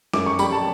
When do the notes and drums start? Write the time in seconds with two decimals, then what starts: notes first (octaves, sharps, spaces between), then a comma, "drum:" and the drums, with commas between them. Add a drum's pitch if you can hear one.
0.13 F#2 D6, drum: snare
0.26 C#6
0.39 G3 B5, drum: tambourine
0.52 A5